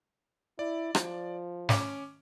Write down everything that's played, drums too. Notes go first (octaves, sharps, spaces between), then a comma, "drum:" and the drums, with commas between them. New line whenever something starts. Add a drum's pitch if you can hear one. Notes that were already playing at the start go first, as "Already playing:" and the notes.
E4 D5
F3, drum: rim click
C#4 D6, drum: snare